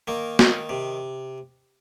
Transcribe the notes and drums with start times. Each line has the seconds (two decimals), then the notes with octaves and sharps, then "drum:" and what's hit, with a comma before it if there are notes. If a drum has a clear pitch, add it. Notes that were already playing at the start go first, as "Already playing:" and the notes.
0.07 D#3 A#3
0.39 D#3, drum: snare
0.69 C3